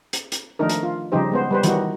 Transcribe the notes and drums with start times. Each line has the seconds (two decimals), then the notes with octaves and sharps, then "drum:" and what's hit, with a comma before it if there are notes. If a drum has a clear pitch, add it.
0.13 drum: hi-hat
0.32 drum: hi-hat
0.59 D#3 F3 A3 D4 D#4 A#4
0.69 drum: hi-hat
0.83 F4
1.12 C#3 F3 G3 D#4 G4 C5
1.32 G#3 B3 C5
1.51 G3 B4 C5
1.63 D#3 E3 G3 D#4 F#4, drum: hi-hat